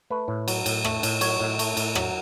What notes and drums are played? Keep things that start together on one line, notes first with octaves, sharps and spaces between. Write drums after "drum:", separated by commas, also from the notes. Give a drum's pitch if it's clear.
A3 B4
A2
F#3, drum: cymbal
A2, drum: cymbal
A3, drum: rim click
A2, drum: cymbal
F#3 C#5, drum: cymbal
A2
A3, drum: cymbal
A2, drum: cymbal
F#3, drum: rim click